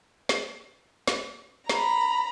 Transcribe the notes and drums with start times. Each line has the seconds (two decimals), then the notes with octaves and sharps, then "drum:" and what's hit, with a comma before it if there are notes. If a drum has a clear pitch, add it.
0.29 drum: snare
1.08 drum: snare
1.69 A#5 B5, drum: snare